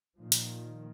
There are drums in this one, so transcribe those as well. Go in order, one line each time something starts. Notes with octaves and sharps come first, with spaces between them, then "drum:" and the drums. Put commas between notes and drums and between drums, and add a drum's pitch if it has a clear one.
A#2 D#3 F3
drum: hi-hat